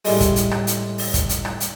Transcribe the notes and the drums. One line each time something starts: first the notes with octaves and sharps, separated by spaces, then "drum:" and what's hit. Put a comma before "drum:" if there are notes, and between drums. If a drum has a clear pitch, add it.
A2 G3 G#3, drum: open hi-hat
drum: kick, hi-hat
drum: hi-hat
drum: rim click
drum: hi-hat
drum: open hi-hat
drum: kick, hi-hat
drum: hi-hat
drum: rim click
drum: hi-hat